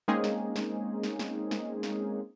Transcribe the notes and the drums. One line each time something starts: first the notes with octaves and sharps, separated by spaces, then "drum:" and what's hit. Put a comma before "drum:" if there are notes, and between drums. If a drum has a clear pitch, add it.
G#3 A#3 C4 C#4 D#4 G#4
drum: snare
drum: snare
drum: snare
drum: snare
drum: snare
drum: snare